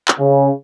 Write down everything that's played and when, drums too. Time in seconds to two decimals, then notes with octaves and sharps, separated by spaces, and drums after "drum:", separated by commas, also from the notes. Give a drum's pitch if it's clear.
0.08 drum: clap
0.19 C#3